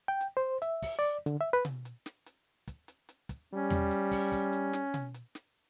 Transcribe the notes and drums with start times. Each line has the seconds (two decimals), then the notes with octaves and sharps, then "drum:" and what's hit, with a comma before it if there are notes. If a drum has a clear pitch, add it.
0.08 G5
0.21 drum: hi-hat
0.37 C5
0.62 E5, drum: hi-hat
0.82 drum: kick, open hi-hat
0.99 D5
1.26 D3, drum: hi-hat
1.41 E5
1.53 B4
1.65 drum: tom B2
1.85 drum: hi-hat
2.06 drum: snare
2.26 drum: hi-hat
2.68 drum: kick, hi-hat
2.88 drum: hi-hat
3.09 drum: hi-hat
3.29 drum: kick, hi-hat
3.54 G3 C#4
3.70 drum: tom E2
3.91 drum: hi-hat
4.12 drum: kick, open hi-hat
4.32 drum: kick, hi-hat
4.53 drum: hi-hat
4.73 drum: snare
4.94 drum: tom B2
5.14 drum: hi-hat
5.35 drum: snare